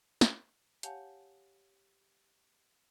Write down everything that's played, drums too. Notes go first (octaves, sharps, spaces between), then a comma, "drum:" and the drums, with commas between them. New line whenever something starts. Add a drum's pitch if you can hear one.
drum: snare
G4 C#5 F5 F#5 G#5 A5, drum: hi-hat